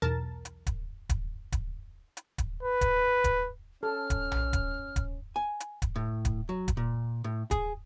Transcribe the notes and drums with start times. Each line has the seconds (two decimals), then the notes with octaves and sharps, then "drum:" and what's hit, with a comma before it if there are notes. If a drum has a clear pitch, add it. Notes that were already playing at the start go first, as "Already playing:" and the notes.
0.02 B1 E2 A#4 A5 A6
0.45 drum: hi-hat
0.67 drum: kick D1, hi-hat
1.09 drum: kick D1, hi-hat
1.52 drum: kick D1, hi-hat
2.17 drum: hi-hat
2.38 drum: kick D1, hi-hat
2.63 B4
2.81 drum: kick D1, hi-hat
3.24 drum: kick D1, hi-hat
3.83 C#4 A4 F6
4.10 drum: kick D1, hi-hat
4.32 drum: tom A#1
4.53 drum: kick D1, hi-hat
4.96 drum: kick D1, hi-hat
5.36 G#5
5.60 drum: hi-hat
5.82 drum: kick D1, hi-hat
5.96 A2
6.25 drum: kick D1, hi-hat
6.49 F#3
6.68 drum: kick D1, hi-hat
6.77 A#2
7.24 A2
7.51 G#4, drum: kick D1, hi-hat